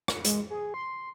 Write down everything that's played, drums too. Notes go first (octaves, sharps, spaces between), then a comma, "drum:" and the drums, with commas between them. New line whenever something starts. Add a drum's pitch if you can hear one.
drum: rim click
G#3, drum: hi-hat
G#4
C6